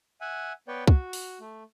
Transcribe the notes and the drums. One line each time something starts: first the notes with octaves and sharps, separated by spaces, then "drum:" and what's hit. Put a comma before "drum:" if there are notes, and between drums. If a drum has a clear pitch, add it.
E5 F#5 G#5
B3 B4 C#5 D5 G5
F#4, drum: kick C2
drum: open hi-hat
A3